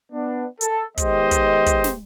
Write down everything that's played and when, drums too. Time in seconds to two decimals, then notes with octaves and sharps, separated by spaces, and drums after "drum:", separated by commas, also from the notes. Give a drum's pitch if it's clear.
0.13 B3 D4
0.61 A4, drum: hi-hat
0.97 D#3 G#3 B3 G4 C5 D#5, drum: kick, hi-hat
1.31 drum: kick, hi-hat
1.66 drum: kick, hi-hat
1.84 drum: snare